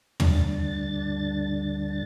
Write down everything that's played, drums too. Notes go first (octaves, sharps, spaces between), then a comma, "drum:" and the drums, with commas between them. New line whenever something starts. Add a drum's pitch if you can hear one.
D2 G2 D3 D4 A6, drum: tom